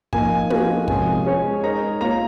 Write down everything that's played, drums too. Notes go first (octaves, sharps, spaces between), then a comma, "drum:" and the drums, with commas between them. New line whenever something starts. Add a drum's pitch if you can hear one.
F3 A#3 D#4 G#5, drum: kick
F3 A#3 D#4 F#4, drum: tom
C3 F3 G#3 C#4 G#4 G#5, drum: kick
G#3 C#4 G#4 C#5
G#3 D#4 A#4 C#5 A#5
A#3 F4 A#4 C#5 A#5